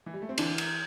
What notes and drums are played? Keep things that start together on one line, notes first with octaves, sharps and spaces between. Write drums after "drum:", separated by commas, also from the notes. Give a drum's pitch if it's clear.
E3
G3
A3
C4
D3 E3 D4, drum: cymbal
drum: cymbal